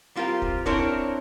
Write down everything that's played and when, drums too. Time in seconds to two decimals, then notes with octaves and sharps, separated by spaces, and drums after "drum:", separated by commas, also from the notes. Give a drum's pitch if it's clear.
0.15 G3 C4 F4 G4 A#4
0.42 drum: kick
0.66 C4 D4 E4 A#4 C#5, drum: kick